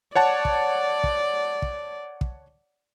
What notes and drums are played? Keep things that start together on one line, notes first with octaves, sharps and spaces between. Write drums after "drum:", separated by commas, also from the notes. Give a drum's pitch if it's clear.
C#5 D5 F#5 A5
drum: kick
drum: kick
drum: kick
drum: kick